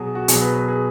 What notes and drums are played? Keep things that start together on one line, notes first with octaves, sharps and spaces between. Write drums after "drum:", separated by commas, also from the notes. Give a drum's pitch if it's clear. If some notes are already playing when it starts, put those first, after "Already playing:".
Already playing: B2 F#3 F#4 G#4
F#4
B2 F#3 G#4, drum: hi-hat
B4
B4
G#4